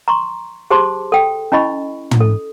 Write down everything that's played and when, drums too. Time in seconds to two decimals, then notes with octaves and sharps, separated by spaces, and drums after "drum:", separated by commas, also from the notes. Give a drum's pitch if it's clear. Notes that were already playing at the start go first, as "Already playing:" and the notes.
0.08 A#5 C6 C#6
0.71 G4 G#4 C5 A5 C6 D6
1.12 A4 G5
1.52 C#4 E4 D#5 B5 C#6
2.11 drum: tom
2.21 A4